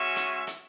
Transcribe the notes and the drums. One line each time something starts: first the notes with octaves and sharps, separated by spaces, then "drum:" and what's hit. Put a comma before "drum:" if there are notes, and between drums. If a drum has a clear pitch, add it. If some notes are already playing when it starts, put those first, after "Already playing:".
Already playing: G#3 C#4 F#4 E5
drum: hi-hat
drum: hi-hat